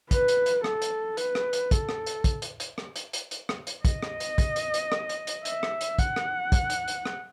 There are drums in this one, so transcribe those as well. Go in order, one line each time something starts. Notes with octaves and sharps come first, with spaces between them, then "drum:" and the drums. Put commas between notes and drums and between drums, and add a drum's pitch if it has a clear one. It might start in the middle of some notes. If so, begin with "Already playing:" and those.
B4, drum: kick, hi-hat
drum: hi-hat
drum: hi-hat
A4, drum: rim click
drum: hi-hat
B4, drum: hi-hat
drum: rim click
drum: hi-hat
A4, drum: kick, hi-hat
drum: rim click
drum: hi-hat
drum: kick, hi-hat
drum: hi-hat
drum: hi-hat
drum: rim click
drum: hi-hat
drum: hi-hat
drum: hi-hat
drum: rim click
drum: hi-hat
D#5, drum: kick, hi-hat
drum: rim click
drum: hi-hat
drum: kick, hi-hat
drum: hi-hat
drum: hi-hat
drum: rim click
drum: hi-hat
drum: hi-hat
E5, drum: hi-hat
drum: rim click
drum: hi-hat
F#5, drum: kick, hi-hat
drum: rim click
drum: kick, hi-hat
drum: hi-hat
drum: hi-hat
drum: rim click